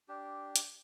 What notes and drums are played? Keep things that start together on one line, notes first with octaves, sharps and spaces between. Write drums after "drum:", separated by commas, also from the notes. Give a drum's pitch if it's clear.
D4 G4
drum: hi-hat